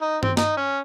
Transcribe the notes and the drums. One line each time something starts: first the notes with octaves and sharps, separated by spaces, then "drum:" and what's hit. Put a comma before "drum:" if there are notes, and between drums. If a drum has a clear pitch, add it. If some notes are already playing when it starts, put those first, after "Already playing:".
D#4
C4, drum: tom G2
D#4, drum: snare
C#4